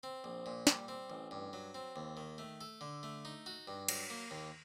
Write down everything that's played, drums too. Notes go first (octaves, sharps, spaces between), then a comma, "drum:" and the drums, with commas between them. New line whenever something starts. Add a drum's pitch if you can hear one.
C4
A#1
A#2
G3, drum: snare
C4
A1
G2
F#3
C4
D#2
D#3
A3
A4
D3
A3
D#4
F#4
G2
F#3, drum: cymbal
A#3
D#2